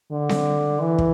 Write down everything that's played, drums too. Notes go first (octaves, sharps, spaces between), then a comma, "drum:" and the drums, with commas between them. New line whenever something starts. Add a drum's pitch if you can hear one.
D3
drum: snare C4
E3
drum: kick